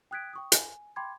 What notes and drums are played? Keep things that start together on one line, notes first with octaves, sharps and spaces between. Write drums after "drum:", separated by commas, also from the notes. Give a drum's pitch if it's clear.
G5 D#6 F#6 G#6 B6 D7
G5 C#6 D#6
G#5, drum: hi-hat
G5 B5 C6 D6 G#6